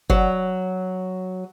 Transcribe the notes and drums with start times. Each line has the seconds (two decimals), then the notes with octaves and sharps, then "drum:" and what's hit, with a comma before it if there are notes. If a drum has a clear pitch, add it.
0.10 F#3, drum: kick